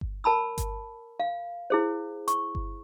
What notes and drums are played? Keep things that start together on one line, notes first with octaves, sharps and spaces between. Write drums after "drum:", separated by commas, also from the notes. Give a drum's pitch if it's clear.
drum: kick G1
A#4 A5 B5 E6
drum: kick G1, hi-hat
F5
E4 G#4 C5
C#6, drum: hi-hat
drum: kick G1